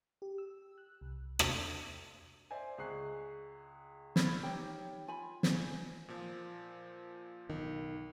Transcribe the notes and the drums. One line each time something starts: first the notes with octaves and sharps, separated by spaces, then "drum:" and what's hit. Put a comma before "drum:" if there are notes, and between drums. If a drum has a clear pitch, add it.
G4
E6
F#6
C2
C3, drum: rim click
C5 D5 E5 G#5
C#2 G#4 C#6 F#6 C7
B5 E6 F6 G#6 A6, drum: snare
D#4 G4 C#5 G5
F4 G#5 B5
drum: snare
A#2 F3
B1 D#3